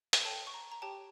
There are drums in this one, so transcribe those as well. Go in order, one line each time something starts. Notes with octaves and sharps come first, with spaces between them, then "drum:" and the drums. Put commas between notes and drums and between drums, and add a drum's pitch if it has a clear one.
drum: hi-hat
A4 C#5 G5 A5
C#6
A#5
A#5
G4 C#5 G5 A5